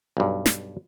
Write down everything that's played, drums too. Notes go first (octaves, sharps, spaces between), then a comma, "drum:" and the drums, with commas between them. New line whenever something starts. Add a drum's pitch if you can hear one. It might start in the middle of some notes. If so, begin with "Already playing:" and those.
B1 G2
drum: snare